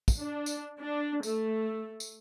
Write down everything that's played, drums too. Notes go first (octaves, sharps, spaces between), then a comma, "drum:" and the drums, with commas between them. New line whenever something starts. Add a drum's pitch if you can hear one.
drum: kick, tambourine
D4
drum: tambourine
D4
A3, drum: tambourine
drum: tambourine